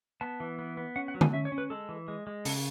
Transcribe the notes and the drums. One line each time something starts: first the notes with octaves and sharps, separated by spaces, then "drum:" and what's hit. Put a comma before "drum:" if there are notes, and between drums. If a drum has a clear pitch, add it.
B3 A5
E3
B3
B3
C#4 F#5
F#5
F#3
G#5, drum: tom D3
C#4 E5
C#5
C#4
B4
G#3 A4
E3
G#3
G#3
C#3 A4, drum: open hi-hat